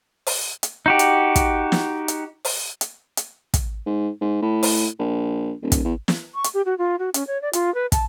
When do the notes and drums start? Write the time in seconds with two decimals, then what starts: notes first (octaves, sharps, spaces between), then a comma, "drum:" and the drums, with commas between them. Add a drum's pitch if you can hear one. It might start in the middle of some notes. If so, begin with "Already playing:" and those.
0.27 drum: open hi-hat
0.63 drum: hi-hat
0.86 D#4 F#4 G4
0.99 drum: hi-hat
1.36 drum: kick, hi-hat
1.72 drum: snare
2.08 drum: hi-hat
2.45 drum: open hi-hat
2.81 drum: hi-hat
3.17 drum: hi-hat
3.54 drum: kick, hi-hat
3.86 G#2
4.21 G#2
4.42 A2
4.63 drum: open hi-hat
4.99 A#1
5.62 D#1
5.72 drum: kick, hi-hat
5.85 E2
6.08 drum: snare
6.35 C#6
6.44 drum: hi-hat
6.54 G4
6.66 F#4
6.78 F4
6.99 F#4
7.14 C#4, drum: hi-hat
7.27 C#5
7.42 D5
7.53 F4, drum: hi-hat
7.75 B4
7.92 A5, drum: kick, hi-hat